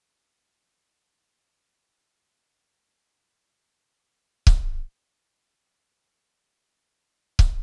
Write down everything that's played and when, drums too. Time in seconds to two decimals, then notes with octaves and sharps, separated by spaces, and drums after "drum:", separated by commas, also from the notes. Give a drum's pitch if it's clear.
0.06 C#5
0.45 G#4
0.57 B4
0.87 F3
1.18 A#3
1.34 A#5
1.59 E4
1.89 A#2
2.91 C5 D5 F#6 B6 F7
4.47 drum: kick C#1
5.98 G5 A5
7.39 drum: kick C#1